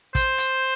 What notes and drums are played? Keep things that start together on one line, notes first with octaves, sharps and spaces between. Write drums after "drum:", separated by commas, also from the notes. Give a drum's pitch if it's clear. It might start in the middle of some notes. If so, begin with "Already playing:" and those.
C5, drum: kick, hi-hat
drum: hi-hat